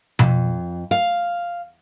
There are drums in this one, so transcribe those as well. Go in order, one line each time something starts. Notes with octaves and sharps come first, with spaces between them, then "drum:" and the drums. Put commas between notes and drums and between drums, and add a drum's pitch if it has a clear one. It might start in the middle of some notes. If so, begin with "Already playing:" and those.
F2, drum: tom B2
F5